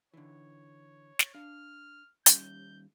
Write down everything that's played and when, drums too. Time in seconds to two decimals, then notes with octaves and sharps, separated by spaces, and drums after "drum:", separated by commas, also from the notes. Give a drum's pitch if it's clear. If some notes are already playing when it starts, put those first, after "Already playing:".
0.14 D3 E3 C#5
1.19 drum: snare
1.34 D4 F5 F6
2.26 D#2 G3 C#4 G6, drum: hi-hat